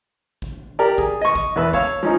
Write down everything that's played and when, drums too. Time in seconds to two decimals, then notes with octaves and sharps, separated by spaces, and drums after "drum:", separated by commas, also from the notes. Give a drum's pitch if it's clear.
0.42 drum: kick G#1
0.79 G4 A#4 D5
0.98 G#4, drum: kick G#1
1.21 D#5 C#6
1.35 drum: kick G#1
1.56 E2 B3 B4 E6
1.73 C#5 F5 E6, drum: kick G#1
2.03 F3 C#4 D#4